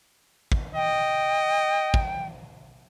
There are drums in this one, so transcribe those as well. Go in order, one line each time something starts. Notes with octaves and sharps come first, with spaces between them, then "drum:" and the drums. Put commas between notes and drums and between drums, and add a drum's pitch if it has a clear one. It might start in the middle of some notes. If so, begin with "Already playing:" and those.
drum: kick
D#5 G5
drum: kick